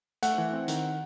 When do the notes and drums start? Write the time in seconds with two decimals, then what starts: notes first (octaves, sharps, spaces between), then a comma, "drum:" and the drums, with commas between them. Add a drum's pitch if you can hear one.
0.23 A3 F#5, drum: hi-hat
0.38 E3
0.53 C4
0.68 D#3, drum: hi-hat